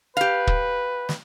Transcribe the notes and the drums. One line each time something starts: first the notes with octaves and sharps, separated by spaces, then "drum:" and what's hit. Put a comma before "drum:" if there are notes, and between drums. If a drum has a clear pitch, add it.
G4 B4 F5
drum: kick
drum: snare